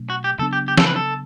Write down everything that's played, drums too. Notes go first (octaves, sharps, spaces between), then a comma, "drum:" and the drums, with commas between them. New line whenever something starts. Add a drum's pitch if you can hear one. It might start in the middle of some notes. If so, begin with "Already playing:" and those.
Already playing: B2 F#3 A3 C#4
F#4
G4
C#3 F#3 B3 D4 A4
G4
G4
A4, drum: snare
B4
A4